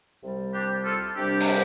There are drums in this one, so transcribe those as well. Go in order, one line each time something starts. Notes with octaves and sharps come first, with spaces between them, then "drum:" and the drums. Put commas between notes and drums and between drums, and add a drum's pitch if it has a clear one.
C2 C3 G3
D4 G4
F4 A4
C2 C3 G3 D4 G4
drum: open hi-hat